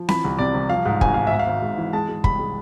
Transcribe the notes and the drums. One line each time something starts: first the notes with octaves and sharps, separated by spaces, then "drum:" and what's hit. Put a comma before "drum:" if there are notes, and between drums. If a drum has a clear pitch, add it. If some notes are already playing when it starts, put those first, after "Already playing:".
Already playing: F3
E3 B5, drum: snare C4
C2
C3 D5
C2
F3 F5
G#2
G#1 G#5, drum: kick
G#1 F5
G#2 E5
F5
G#1
G#2
E3
G#3 A5
G#3
C2 B5, drum: kick
G#3